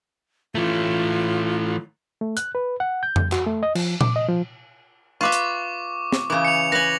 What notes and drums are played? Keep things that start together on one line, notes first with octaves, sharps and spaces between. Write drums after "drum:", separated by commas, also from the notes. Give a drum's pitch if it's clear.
E3 A3 F4
A3
F#6, drum: hi-hat
B4
F#5
G6
drum: tom F2
F#4, drum: clap
A3
D#5
F3, drum: cymbal
D6, drum: tom A#2
D#5
F3
F4 B4 E5 C#6 D6
drum: hi-hat
drum: snare
C#3 E3 D6
C#7 F7
B4 G#5 A#6 F7 F#7